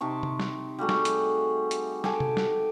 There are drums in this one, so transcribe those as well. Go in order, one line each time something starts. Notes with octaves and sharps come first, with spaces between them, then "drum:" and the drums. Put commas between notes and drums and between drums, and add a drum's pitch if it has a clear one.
C3 D#4 A5 C#6
drum: tom C3
drum: snare
G3 A3 F#4 G#4
drum: snare
drum: hi-hat
drum: hi-hat
G4 A4 G#5, drum: snare
drum: tom C3
drum: snare